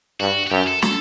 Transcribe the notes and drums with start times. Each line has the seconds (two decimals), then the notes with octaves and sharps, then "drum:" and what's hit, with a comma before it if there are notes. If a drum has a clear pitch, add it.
0.20 G2 F#4
0.47 F#4
0.51 F#2 G4
0.67 A4
0.82 A4, drum: snare